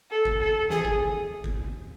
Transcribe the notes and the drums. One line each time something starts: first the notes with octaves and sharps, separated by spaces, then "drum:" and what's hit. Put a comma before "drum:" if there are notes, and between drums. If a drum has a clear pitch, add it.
A4
drum: kick G1
A4
G#4, drum: snare
drum: kick G1
drum: kick G1